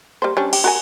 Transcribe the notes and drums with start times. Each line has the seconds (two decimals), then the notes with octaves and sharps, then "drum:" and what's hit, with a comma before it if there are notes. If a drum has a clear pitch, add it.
0.22 G3 A#3 C5
0.37 G3 C#4 D4
0.53 G4, drum: cymbal
0.64 F#4 A#4 G#5